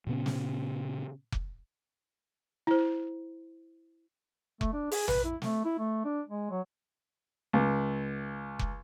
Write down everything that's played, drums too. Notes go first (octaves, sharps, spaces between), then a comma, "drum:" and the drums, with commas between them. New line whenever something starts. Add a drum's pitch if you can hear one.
A#2 C#3 B3 C#4
drum: snare
drum: kick F1
E4 C5
A3, drum: kick F1
D4
G#4, drum: open hi-hat
B4, drum: tom A#1
E4
A3, drum: snare
E4
A3
D4
G#3
F#3
C#2
drum: kick F1